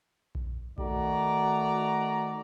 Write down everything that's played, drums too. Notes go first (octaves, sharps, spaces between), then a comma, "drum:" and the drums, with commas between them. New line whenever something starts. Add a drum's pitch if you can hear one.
drum: kick A#1
D#3 A3 D#4 F#4 D5 A#5, drum: kick A#1